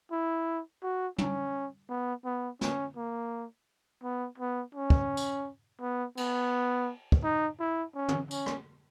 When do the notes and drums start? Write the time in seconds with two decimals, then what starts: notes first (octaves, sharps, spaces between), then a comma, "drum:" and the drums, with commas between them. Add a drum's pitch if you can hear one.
0.12 E4
0.83 F#4
1.18 C#4, drum: tom
1.89 B3
2.25 B3
2.61 C#4, drum: snare
2.96 A#3
4.04 B3
4.38 B3
4.75 C#4
4.90 drum: kick
5.17 drum: tambourine
5.81 B3
6.17 B3, drum: cymbal
7.12 drum: kick
7.24 D#4
7.60 E4
7.95 C#4
8.09 drum: tom
8.31 C#4, drum: tambourine
8.46 drum: rim click